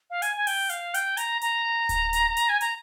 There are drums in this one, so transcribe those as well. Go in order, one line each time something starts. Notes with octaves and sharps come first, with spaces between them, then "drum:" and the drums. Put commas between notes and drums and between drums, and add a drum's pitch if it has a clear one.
F5
G#5, drum: hi-hat
G#5
G5, drum: open hi-hat
F5, drum: hi-hat
G5, drum: hi-hat
A#5, drum: hi-hat
A#5, drum: hi-hat
drum: kick D1, hi-hat
drum: hi-hat
drum: hi-hat
G#5
A#5, drum: hi-hat